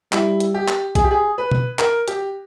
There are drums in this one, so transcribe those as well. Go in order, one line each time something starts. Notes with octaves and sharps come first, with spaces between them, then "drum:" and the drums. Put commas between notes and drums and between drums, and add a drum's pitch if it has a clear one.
G3 E4, drum: clap
drum: hi-hat
G4
drum: clap
G#4, drum: kick B1, hi-hat
G4
G#4
B4
drum: tom B2
A#4, drum: clap
G4, drum: hi-hat